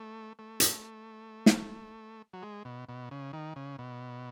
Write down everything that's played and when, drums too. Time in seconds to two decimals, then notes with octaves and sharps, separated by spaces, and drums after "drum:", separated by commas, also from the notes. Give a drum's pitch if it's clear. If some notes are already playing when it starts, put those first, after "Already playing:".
Already playing: A3
0.39 A3
0.60 drum: hi-hat
1.46 drum: snare
2.33 F#3
2.42 G#3
2.65 B2
2.89 B2
3.11 C#3
3.33 D#3
3.56 C#3
3.79 B2